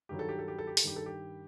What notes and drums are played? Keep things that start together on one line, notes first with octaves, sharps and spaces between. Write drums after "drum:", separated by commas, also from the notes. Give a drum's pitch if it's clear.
G2 D#3 F#3 G4
A4
G4
A4
G4
A4
G4
A4, drum: open hi-hat
G2 D#3 G3 G4
A4
G4